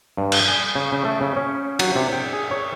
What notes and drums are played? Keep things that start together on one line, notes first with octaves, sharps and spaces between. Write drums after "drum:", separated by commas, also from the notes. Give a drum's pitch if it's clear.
G2
drum: cymbal
G#5
C#3
C#3
A3
C#3
C#4
F#3, drum: cymbal
C3
G5
G#4
C#5